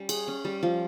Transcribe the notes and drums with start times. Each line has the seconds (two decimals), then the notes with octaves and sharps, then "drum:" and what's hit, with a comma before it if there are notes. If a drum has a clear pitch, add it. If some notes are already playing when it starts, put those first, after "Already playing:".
Already playing: G3 C#4
0.09 G#4, drum: cymbal
0.28 C#4
0.45 G3
0.63 F3